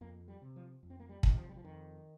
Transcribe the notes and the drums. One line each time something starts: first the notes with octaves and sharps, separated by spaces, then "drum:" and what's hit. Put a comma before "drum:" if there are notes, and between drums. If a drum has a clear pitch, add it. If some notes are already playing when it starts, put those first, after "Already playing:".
F2 A#3
G3
C3
F3
F2
C4
A#3
G3
C3, drum: kick
D#3
F3
G3
F3
F2 D#3